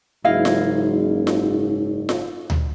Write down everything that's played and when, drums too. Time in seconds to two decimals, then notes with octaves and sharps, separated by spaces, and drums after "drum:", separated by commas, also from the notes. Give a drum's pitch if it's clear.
0.25 F#1 G#2 E4 D#5 F5
0.45 drum: snare F4
1.27 drum: snare F4
2.09 drum: snare F4
2.50 drum: tom D2